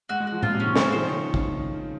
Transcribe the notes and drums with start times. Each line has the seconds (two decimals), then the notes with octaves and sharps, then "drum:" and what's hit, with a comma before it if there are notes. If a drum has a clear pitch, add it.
0.09 G#3 F#4
0.20 G#3
0.27 F#4
0.32 F3
0.43 A#2 F4, drum: tom A2
0.54 C3
0.60 D#3 C#4
0.76 C#3 C5, drum: snare
0.87 C#3
0.92 F3 C5
0.97 D#3
1.09 C#5
1.34 drum: kick